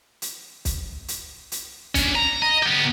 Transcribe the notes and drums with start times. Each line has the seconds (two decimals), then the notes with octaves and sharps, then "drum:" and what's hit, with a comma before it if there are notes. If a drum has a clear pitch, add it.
0.22 drum: hi-hat
0.65 drum: kick, hi-hat
1.08 drum: hi-hat
1.52 drum: hi-hat
1.95 C#4 D4, drum: kick, hi-hat
2.15 A#5
2.42 D#5
2.63 B3 G4